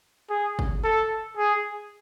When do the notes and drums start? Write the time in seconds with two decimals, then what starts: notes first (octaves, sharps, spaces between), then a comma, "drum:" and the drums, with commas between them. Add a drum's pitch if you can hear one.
0.30 G#4
0.59 drum: kick
0.84 A4
1.37 G#4